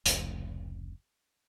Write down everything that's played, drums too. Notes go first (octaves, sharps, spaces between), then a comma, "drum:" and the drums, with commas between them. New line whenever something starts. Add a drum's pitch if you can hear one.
F1 C#2, drum: hi-hat